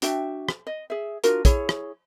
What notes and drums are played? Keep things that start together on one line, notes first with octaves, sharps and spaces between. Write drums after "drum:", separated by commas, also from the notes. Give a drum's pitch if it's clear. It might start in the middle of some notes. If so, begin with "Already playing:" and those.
D4 F#4 E5 G5, drum: hi-hat
drum: rim click
D#5
G#4 E5
D4 F4 F#4 A#4, drum: hi-hat
E4 G#4 C#5, drum: kick, hi-hat
drum: rim click